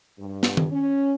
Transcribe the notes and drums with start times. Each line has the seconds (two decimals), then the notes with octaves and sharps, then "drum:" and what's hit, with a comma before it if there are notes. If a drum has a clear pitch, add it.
0.19 G2
0.43 drum: snare
0.57 drum: tom D#3
0.72 C#4